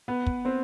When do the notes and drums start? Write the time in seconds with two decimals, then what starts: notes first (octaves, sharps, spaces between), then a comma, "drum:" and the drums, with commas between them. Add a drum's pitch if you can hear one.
0.08 B3 B4
0.27 drum: kick
0.45 C4 C5